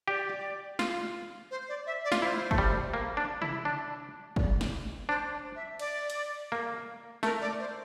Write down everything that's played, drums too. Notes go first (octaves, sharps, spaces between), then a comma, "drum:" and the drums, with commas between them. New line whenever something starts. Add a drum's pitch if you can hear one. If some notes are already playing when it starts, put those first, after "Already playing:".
G4 D5
F4, drum: snare
C5
D5
E5
D5
F4, drum: snare
E4 C5
A3, drum: kick
G3
A#3
D4
E4, drum: tom C3
D4
D5, drum: kick
drum: snare
D4 C5
E5
D5, drum: cymbal
drum: hi-hat
A#3
A3 A#4, drum: snare
D5
C5